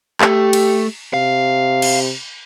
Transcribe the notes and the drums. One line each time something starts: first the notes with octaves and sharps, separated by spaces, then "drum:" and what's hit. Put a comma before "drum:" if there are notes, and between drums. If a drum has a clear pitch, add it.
A3 G4, drum: clap
drum: cymbal
C3 F5
drum: cymbal